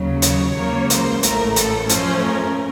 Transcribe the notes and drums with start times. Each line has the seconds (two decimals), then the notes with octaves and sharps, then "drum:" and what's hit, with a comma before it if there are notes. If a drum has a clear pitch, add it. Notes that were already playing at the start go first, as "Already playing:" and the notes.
Already playing: D#2 C#3 F#3
0.22 C#5, drum: hi-hat
0.57 C#2 C#3 F#3 A#3
0.90 C5, drum: hi-hat
1.23 A1 A2 A3 A#4, drum: hi-hat
1.56 A4, drum: hi-hat
1.89 F#2 F3 A3 C#4 C5, drum: hi-hat
2.23 A#4